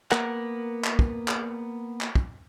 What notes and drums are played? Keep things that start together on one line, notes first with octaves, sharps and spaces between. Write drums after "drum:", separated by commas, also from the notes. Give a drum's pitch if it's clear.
A#3 B3 A#4 F#5, drum: clap
drum: clap
drum: kick
drum: clap
drum: clap
drum: kick